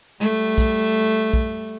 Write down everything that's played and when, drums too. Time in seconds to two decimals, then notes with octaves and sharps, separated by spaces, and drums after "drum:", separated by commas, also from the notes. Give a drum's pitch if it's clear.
0.20 G3 A3
0.58 drum: kick, hi-hat
1.33 drum: kick